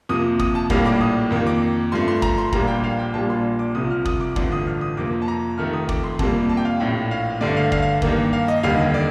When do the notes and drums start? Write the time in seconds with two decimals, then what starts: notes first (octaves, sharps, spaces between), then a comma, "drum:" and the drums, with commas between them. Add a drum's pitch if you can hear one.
0.09 F2 C3 F3 A#3 D#6
0.39 D#6, drum: kick
0.55 A5
0.70 A#1 A2 G3 A#3 F5, drum: kick
0.86 D6
1.01 D#6
1.30 F2 D#3 A#3
1.47 D6
1.92 G2 F3 A3 C6
2.08 C6
2.22 A#5, drum: kick
2.38 C6
2.53 A#1 A#2 G3 A#3 A#5, drum: kick
2.68 G5
2.84 F5
2.99 G5
3.14 A#1 A#2 G3 A#3 A5
3.30 C6
3.59 D6
3.75 C2 C3 F3 D#6
3.91 F6
4.05 D#6, drum: kick
4.20 D6
4.36 A1 G2 D3 F3 A3 D6, drum: kick
4.52 D#6
4.67 F6
4.81 D#6
4.97 F2 C3 F3 A#3 D6
5.22 A5
5.28 A#5
5.58 F1 F2 D#3 A3 F6
5.73 D#6
5.89 D6, drum: kick
6.04 C6
6.19 F2 C3 G3 A#3 A5, drum: kick
6.49 A5
6.57 G5
6.65 F5
6.80 A#1 A2 A3 G5
7.11 F5
7.41 G2 D3 A3 D5
7.57 F5
7.72 F5, drum: kick
7.82 F5
8.02 G2 D#3 A#3, drum: kick
8.33 F5
8.48 D#5
8.63 F1 D#2 D3 G3 F5
8.79 D#5
8.94 D5